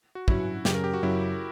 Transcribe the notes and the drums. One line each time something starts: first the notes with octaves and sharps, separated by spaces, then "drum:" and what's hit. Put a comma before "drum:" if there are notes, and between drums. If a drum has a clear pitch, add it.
F#4
G2 F#3 C#4 E4 F#4, drum: kick
F#2 C#3 F#3 G4, drum: snare
A#4
G4
F#4
F#2 C#3 F#3 E4